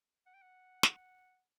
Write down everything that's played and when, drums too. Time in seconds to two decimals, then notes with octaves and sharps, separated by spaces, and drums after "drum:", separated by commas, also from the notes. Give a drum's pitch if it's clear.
0.26 F#5
0.34 G5
0.42 F#5
0.83 drum: snare